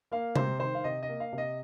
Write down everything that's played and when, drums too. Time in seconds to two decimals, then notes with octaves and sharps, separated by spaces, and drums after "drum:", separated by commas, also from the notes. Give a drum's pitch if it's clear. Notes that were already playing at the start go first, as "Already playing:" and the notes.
0.11 A#3 F5
0.36 C3 C5, drum: tom C3
0.60 D#3 C5
0.75 F5
0.84 C3 D#5
1.03 D#5
1.08 A#3
1.20 F5
1.32 C3
1.38 D#5